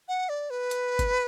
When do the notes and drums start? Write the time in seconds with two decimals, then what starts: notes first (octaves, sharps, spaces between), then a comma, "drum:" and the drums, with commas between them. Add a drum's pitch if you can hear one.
0.08 F#5
0.29 D5
0.50 B4
0.71 drum: hi-hat
0.99 drum: kick G1, hi-hat